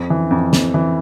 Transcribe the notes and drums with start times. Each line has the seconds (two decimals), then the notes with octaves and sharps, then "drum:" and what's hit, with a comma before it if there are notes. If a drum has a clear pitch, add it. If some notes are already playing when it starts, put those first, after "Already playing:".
Already playing: F2
0.10 E3
0.31 F2
0.53 F2, drum: snare
0.74 E3